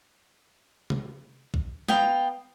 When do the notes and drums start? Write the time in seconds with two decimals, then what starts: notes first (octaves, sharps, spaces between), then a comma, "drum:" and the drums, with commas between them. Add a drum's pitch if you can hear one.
0.90 drum: tom C3
1.54 drum: kick B1
1.88 B3 F5 G5 A#5, drum: snare